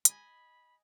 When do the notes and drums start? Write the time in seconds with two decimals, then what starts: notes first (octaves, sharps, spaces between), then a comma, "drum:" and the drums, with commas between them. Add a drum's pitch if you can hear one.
0.05 D#5 G#5 B5, drum: hi-hat